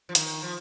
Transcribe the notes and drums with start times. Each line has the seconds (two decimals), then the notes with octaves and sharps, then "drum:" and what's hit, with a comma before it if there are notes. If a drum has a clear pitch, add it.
0.09 F3
0.15 D#3, drum: hi-hat
0.43 F3